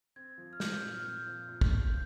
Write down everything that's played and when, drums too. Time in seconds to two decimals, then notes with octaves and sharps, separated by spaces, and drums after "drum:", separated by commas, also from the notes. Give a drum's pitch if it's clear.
0.16 C4 G#6
0.38 F3
0.53 F6
0.60 C4 G6, drum: snare
0.83 A#2
0.93 F6
1.04 C4 G6
1.26 F3
1.48 A#2
1.61 drum: kick
1.70 A#2
1.83 G6